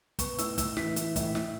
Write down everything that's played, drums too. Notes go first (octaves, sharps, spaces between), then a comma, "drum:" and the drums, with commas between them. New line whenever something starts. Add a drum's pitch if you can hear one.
B3 C#6, drum: kick, hi-hat
A2 E6, drum: hi-hat
A2 E6, drum: kick, hi-hat
E3 B6, drum: snare
E3, drum: hi-hat
A2, drum: kick, hi-hat
A2, drum: snare